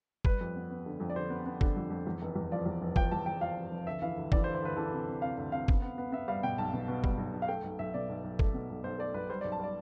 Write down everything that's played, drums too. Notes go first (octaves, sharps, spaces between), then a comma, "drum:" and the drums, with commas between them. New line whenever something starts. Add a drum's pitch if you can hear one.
G3 B4, drum: kick G1
F2
B3
B3
D3
F2
D5
D3 C5
B3
B3
D3, drum: kick G1
F2
F2
E2
F1
E2
F3 D5
E2
F1
F3 G5, drum: kick G1
E2 A5
E2 G5
F3 F5
F1
F1
D2 E5
E3 F5
D2
E3 D5, drum: kick G1
C5
D2
C5
D2 B4
E3 A4
C3
C3
C3 F5
D2
C3 F5
B3, drum: kick G1
B3
B3
B3 E5
G3 F5
B2 G5
B1 A5
B2
B2
G3, drum: kick G1
B1
B1
F5
A3 G5
B1
B1 E5
B2 D5
B1
B1
A3, drum: kick G1
B2
B1
B1 C5
A3 D5
B1 B4
G3 C5
D5
B1
A5
G3 D5